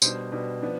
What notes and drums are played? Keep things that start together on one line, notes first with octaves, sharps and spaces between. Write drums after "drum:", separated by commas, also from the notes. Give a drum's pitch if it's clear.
B2 G3 D4 C5, drum: tambourine
B2 G3 D4
F3 B3 D4